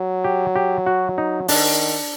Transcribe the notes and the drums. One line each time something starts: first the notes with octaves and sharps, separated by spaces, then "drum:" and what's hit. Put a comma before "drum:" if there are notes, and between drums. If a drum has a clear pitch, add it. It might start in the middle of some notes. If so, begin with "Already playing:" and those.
Already playing: F#3
G4
G4
F#4
D#4
D#3 D4, drum: open hi-hat